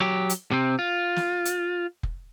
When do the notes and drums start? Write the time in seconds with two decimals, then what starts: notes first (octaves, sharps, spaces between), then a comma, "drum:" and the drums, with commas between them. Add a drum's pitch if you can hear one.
0.01 F#3 G4
0.30 drum: hi-hat
0.51 C3 C4
0.79 F4
1.16 drum: snare
1.45 drum: hi-hat
2.03 drum: kick F1